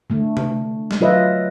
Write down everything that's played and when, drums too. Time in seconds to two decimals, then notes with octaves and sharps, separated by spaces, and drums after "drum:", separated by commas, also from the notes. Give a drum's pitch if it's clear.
0.10 D3 A3
0.37 drum: tom C3
0.91 drum: snare
1.00 F#3 F4 B4 D#5 E5